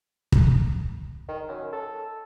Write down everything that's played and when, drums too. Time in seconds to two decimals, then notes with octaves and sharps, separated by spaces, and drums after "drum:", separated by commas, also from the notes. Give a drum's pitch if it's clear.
0.32 drum: kick
1.28 D#3
1.49 F#2
1.73 A4